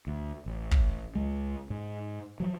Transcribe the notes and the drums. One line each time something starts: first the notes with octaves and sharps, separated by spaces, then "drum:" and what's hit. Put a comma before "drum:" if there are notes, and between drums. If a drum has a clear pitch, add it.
D2
A1
drum: kick
C#2 G#3
G#2
F3 F#3